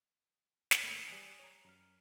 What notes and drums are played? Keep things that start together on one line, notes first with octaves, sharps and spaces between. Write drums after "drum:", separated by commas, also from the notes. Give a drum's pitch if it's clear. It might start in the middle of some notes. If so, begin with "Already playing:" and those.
drum: snare
G#2 D#3 A3 A#3
E3 G3 G#5 D#6 F#6
C#5 A#5
F#2 A#5 F6